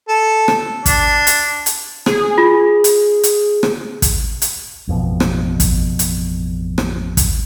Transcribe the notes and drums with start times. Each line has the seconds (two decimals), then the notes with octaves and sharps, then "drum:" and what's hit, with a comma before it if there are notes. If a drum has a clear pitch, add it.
0.09 A4
0.48 drum: rim click
0.86 D4, drum: kick, hi-hat
1.27 drum: hi-hat
1.66 drum: hi-hat
2.06 G#4, drum: rim click
2.38 F4
2.84 drum: hi-hat
3.23 drum: hi-hat
3.63 drum: rim click
4.02 drum: kick, hi-hat
4.42 drum: hi-hat
4.87 A1 F2 B2
5.20 drum: rim click
5.60 drum: kick, hi-hat
5.99 drum: hi-hat
6.78 drum: rim click
7.17 drum: kick, hi-hat